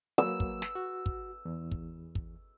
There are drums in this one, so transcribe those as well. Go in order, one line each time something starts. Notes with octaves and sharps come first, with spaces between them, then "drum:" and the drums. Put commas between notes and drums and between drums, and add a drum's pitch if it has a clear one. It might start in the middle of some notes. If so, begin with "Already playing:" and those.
F#3 A#3 E6
drum: kick
drum: snare
F#4
drum: kick
E2
drum: kick
drum: kick